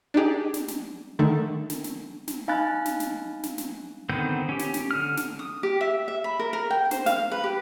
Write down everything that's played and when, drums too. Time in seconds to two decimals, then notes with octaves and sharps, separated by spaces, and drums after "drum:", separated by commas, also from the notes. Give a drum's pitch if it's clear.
0.14 D4 D#4 G4 G#4
0.54 drum: snare
0.68 drum: snare
1.19 D3 D#3 A3
1.70 drum: snare
1.84 drum: snare
2.28 drum: snare
2.48 D#4 F5 G#5 B5 F#6 A6
2.85 drum: snare
3.00 drum: snare
3.43 drum: snare
3.58 drum: snare
4.09 D3 D#3 B3 C4 G6
4.49 C#4 G4
4.59 drum: snare
4.74 drum: snare
4.91 D3 F6
5.17 drum: snare
5.39 D#6
5.63 G4
5.81 E5
6.08 E5
6.24 B5
6.39 A#4
6.53 A#4
6.71 G5
6.91 C5, drum: snare
7.06 F5, drum: snare
7.32 B4
7.44 G4